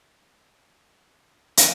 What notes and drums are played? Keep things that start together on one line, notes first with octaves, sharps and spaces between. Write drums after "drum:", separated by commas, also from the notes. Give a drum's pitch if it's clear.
D3
drum: hi-hat